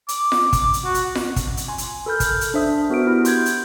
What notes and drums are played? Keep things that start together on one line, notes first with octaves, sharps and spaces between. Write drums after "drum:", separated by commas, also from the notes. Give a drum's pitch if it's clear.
D6, drum: hi-hat
drum: snare F4
drum: kick, hi-hat
drum: hi-hat
F#4
drum: hi-hat
drum: snare F4
drum: kick, hi-hat
drum: hi-hat
G#5 C6
drum: hi-hat
A4 A#4 B5 F6 G6
drum: kick, hi-hat
drum: hi-hat
D4 C5 E5 D#6
B3 F#4 A#4 E5 D#6 D7
E4 G4
C6 G6 G#6, drum: hi-hat
drum: hi-hat